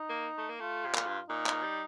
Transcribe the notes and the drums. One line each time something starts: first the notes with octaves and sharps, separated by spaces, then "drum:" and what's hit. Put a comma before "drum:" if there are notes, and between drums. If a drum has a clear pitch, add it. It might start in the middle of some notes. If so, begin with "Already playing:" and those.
Already playing: D#4
A#3
A3
A#3
A3 F4
C3
A#2, drum: clap
G2
A#2 D#4
drum: clap
G3